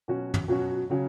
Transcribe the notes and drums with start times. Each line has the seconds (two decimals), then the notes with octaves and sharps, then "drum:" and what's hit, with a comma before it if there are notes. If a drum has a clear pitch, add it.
0.08 B2 F#3 C#4 F#4
0.34 drum: tom
0.48 B2 F#3 C#4 F#4
0.90 C#3 F#3 C#4